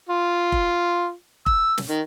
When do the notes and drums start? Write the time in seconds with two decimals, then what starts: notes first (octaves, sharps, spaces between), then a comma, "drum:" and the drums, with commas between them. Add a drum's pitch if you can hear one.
0.09 F4
0.52 drum: kick F1
1.46 E6, drum: kick F1
1.78 drum: snare
1.89 D#3